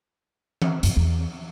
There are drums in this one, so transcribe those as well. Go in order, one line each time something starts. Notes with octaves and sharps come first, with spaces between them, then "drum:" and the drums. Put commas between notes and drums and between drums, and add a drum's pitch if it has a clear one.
drum: tom E3
F#2, drum: hi-hat
E2